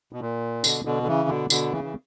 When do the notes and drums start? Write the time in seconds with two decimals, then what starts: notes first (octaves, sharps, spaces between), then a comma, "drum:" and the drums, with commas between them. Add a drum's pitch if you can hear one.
0.13 B2
0.21 A#2
0.64 B2 D3, drum: tambourine
0.85 B2 D3
1.03 D3
1.08 C#3 E3
1.28 B2 D3
1.50 B2 D3, drum: tambourine
1.72 C#3 E3
1.84 E3